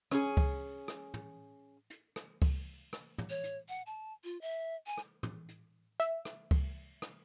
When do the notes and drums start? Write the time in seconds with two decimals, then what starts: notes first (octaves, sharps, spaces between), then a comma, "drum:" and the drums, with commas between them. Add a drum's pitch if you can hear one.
0.11 C#4 G#4, drum: rim click
0.37 drum: kick C#2, open hi-hat
0.88 drum: rim click
1.14 drum: tom
1.91 drum: hi-hat
2.16 drum: rim click
2.42 drum: kick C#2, open hi-hat
2.93 drum: rim click
3.18 drum: tom
3.30 C#5
3.44 drum: hi-hat
3.69 F#5
3.86 A5
4.24 F4
4.41 E5
4.86 G#5
4.98 drum: rim click
5.23 drum: tom
5.49 drum: hi-hat
6.00 E5, drum: hi-hat
6.25 drum: rim click
6.51 drum: kick C#2, open hi-hat
7.02 drum: rim click